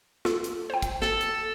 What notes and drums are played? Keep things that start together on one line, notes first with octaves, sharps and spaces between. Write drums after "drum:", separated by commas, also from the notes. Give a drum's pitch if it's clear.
F4 A4, drum: snare
drum: hi-hat
C5 G5
drum: kick, hi-hat
A4, drum: snare
drum: hi-hat